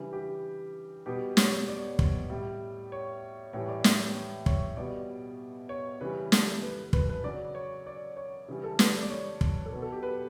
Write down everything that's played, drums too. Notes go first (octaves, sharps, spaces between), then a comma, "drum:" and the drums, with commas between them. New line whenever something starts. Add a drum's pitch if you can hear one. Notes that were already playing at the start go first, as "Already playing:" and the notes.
Already playing: C#3 E3 G3 D4
G4
B2 G3 G4
C#5, drum: snare
D5
drum: kick
A2 G3
C#5
A2 E3 G3 C#5
D5
drum: snare
C#5, drum: kick
B2 G3 D5
C#5
C#3 E3 G3 B4
A4, drum: snare
B4
B4, drum: kick
B4
C#3 F#3 D5
C#5
D5
C#5
C#3 E3 G3
A4
B4, drum: snare
D5
C#5
drum: kick
A4
B2 F#3 B4
A4
G4
B4